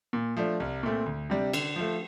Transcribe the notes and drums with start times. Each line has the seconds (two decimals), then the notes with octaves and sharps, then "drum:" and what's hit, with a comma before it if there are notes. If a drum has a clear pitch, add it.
0.13 A#2
0.37 F3 A3 D4
0.60 C2
0.83 A#2 A3 C4
1.06 D2
1.30 C3 G3 D4
1.53 D3, drum: cymbal
1.76 F3 A3